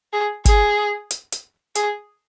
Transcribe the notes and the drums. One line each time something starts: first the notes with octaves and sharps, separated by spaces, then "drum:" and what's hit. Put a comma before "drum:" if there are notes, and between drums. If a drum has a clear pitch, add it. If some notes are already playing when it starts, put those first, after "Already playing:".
G#4
G#4, drum: kick G1, hi-hat
drum: hi-hat
drum: hi-hat
G#4, drum: hi-hat